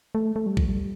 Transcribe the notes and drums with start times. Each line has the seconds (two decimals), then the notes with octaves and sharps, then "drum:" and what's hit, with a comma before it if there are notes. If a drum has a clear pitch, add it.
0.15 A3
0.36 A3
0.46 G3
0.57 F3, drum: kick
0.68 G3